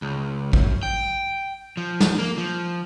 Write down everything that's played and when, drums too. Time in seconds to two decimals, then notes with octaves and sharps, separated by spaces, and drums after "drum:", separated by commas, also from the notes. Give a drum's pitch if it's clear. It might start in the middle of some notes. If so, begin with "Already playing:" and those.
0.02 C#2
0.53 F#2, drum: kick
0.83 G5
1.77 F3
2.00 drum: snare
2.18 A#3
2.38 F3